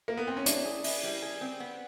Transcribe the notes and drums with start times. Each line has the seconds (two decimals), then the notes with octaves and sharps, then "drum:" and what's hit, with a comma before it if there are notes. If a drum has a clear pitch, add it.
0.08 A#3
0.17 B3
0.27 C4
0.37 C#4
0.46 D4 E4, drum: hi-hat
0.65 G#4
0.84 E4, drum: open hi-hat
1.03 G3
1.22 G#4
1.41 C4
1.60 B3